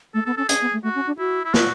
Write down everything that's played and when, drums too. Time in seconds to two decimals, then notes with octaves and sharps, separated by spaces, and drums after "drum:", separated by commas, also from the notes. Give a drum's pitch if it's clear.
0.14 A3 A4
0.26 B3 A4
0.37 C#4 A4
0.49 C#4 G#4, drum: hi-hat
0.61 B3
0.73 A3
0.83 A3 F#4
0.95 C#4
1.07 D4
1.19 E4 F#4
1.45 E4
1.54 F#4, drum: snare